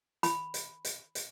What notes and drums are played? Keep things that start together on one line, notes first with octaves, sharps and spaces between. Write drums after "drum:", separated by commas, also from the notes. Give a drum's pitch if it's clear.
B5, drum: hi-hat
drum: hi-hat
drum: hi-hat
drum: hi-hat